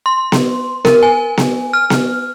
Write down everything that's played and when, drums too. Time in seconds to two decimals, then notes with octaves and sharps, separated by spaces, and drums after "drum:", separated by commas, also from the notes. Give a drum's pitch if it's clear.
0.06 C6
0.32 drum: snare B3
0.85 A#4, drum: snare B3
1.03 G#5
1.37 drum: snare B3
1.73 F6
1.90 drum: snare B3